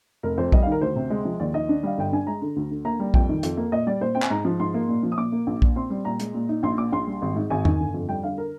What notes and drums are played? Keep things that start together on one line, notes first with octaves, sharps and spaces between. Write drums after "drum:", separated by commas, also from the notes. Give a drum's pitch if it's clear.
F1 A#4
F2 C5
G3 D#5, drum: kick A#1
F5
D#3
A#4
D2 C5
C3
G#3
F3
D#2 D5
D#3 D#5
D4
G3 F5
G1 G5
G2 G#5
G#3 A#5
D3
D2
D3
A#3 A#5
G3
F2 G5, drum: kick A#1
D#3
F2, drum: hi-hat
A#3
A#2 D#5
G3 D5
A#2 C5
C4 G5
G#5, drum: clap
G#2 A#5
F3
G#2 C6
A#3
A#2
F3
D#6
A#2 D6
A#3
A#1
A#2, drum: kick A#1
C4 C6
G3
A#2 A#5
G#3, drum: hi-hat
A#2
D#4
A#1 C6
A#2 D6
A#1 C6
G3
G#1
G#2
G#1 G#5
D#3, drum: tom E2
G1
F2
G3 G5
D3 F5
A#4